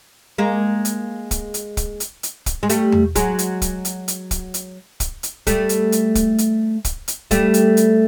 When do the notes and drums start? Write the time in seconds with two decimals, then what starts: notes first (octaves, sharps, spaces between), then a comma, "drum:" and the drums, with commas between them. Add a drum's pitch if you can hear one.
0.38 G#3 A#3
0.85 drum: hi-hat
1.31 drum: kick, hi-hat
1.54 drum: hi-hat
1.77 drum: kick, hi-hat
2.00 drum: hi-hat
2.23 drum: hi-hat
2.46 drum: kick, hi-hat
2.63 G#3
2.69 G3 A3, drum: hi-hat
2.92 drum: tom E2
3.15 F#3 G#3, drum: kick, hi-hat
3.39 drum: hi-hat
3.62 drum: kick, hi-hat
3.85 drum: hi-hat
4.08 drum: hi-hat
4.31 drum: kick, hi-hat
4.54 drum: hi-hat
5.00 drum: kick, hi-hat
5.23 drum: hi-hat
5.47 G3 A3, drum: kick, hi-hat
5.69 drum: hi-hat
5.92 drum: hi-hat
6.15 drum: kick, hi-hat
6.38 drum: hi-hat
6.85 drum: kick, hi-hat
7.08 drum: hi-hat
7.31 G3 A3, drum: kick, hi-hat
7.54 drum: hi-hat
7.77 drum: hi-hat